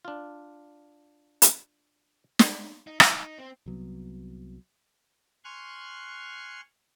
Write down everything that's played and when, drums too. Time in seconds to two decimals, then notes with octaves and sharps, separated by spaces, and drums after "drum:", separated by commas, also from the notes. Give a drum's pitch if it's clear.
0.05 D4 F4
1.42 drum: hi-hat
2.39 drum: snare
2.87 D#4
3.00 E4, drum: rim click
3.16 D#4
3.38 C4
3.66 C2 F#3 B3
5.44 G#5 C6 C#6 F6 F#6 G#6